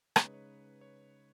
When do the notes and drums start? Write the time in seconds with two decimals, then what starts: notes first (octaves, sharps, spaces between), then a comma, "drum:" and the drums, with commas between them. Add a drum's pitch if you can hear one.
0.16 C#3 G#3 D#4 G#4 C#5, drum: rim click
0.24 B4
0.34 C#5
0.81 C#5